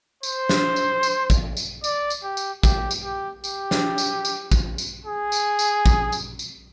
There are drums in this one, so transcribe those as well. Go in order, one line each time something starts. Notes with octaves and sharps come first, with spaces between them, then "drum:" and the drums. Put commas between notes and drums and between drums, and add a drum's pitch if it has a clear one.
C5, drum: tambourine
drum: snare
drum: tambourine
drum: tambourine
drum: kick, tambourine
drum: tambourine
D5, drum: tambourine
drum: tambourine
G4
drum: tambourine
G4, drum: kick, tambourine
drum: tambourine
G4
G4, drum: tambourine
drum: snare
drum: tambourine
drum: tambourine
drum: kick, tambourine
drum: tambourine
G#4
drum: tambourine
drum: tambourine
drum: kick, tambourine
drum: tambourine
drum: tambourine